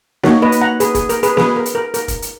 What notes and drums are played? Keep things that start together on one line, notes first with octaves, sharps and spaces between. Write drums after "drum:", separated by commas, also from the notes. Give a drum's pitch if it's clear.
A#3 D#4 F#4 A#4 C#5, drum: snare
B4 D#5
drum: hi-hat
F#5 A#5
G#4 B4, drum: hi-hat
G#4, drum: kick, hi-hat
A#4, drum: hi-hat
G#4 B4, drum: hi-hat
G#4 B4, drum: snare
A#4
drum: hi-hat
A#4
A#4, drum: hi-hat
drum: kick, hi-hat
drum: hi-hat